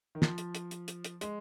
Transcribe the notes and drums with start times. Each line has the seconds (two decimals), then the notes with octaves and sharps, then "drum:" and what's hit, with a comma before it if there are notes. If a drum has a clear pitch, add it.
0.15 D#3
0.22 F3, drum: snare
0.38 drum: hi-hat
0.55 drum: hi-hat
0.71 drum: hi-hat
0.88 drum: hi-hat
1.05 drum: hi-hat
1.21 G#3, drum: hi-hat